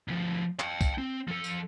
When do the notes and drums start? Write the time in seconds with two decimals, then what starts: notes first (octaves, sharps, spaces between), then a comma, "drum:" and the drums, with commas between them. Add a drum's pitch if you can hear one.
0.08 D2 F3
0.60 F5 G5, drum: clap
0.81 drum: kick, tambourine
0.98 C4
1.28 F3 A4
1.44 drum: tambourine